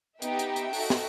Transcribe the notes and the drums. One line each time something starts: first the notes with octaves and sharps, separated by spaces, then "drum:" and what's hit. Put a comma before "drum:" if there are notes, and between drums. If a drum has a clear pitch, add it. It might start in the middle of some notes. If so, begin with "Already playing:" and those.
B3 D#4 G4 E5 G5, drum: hi-hat
drum: hi-hat
drum: hi-hat
D#4 F#4 A4, drum: open hi-hat
drum: snare